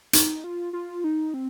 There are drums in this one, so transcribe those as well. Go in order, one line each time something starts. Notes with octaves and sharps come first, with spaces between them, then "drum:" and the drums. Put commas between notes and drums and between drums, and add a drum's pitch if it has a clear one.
D#4, drum: hi-hat
F4
F4
D#4
C4